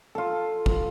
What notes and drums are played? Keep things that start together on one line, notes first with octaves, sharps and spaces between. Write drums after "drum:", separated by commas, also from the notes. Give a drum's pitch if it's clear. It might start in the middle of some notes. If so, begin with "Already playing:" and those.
F4 A4
drum: kick